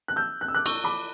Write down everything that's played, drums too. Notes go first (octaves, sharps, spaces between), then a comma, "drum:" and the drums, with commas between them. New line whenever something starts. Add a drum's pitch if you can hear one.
F#6
E6 G6
F#6
E6
D6 F#6
C#6 E6, drum: cymbal
B5 D6